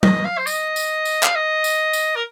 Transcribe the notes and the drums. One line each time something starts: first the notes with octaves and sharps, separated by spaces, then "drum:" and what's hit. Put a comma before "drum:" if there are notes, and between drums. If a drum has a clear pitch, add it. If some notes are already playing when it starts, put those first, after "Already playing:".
D#5, drum: tom F#3
F5
C5
D#5, drum: tambourine
drum: tambourine
drum: tambourine
F5, drum: clap
D#5
drum: tambourine
drum: tambourine
A#4